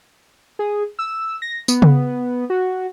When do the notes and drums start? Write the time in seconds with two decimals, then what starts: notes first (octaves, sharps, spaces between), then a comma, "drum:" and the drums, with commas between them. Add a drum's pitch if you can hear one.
0.59 G#4
0.99 E6
1.42 A#6
1.68 B3, drum: tambourine
1.82 drum: tom C#3
2.50 F#4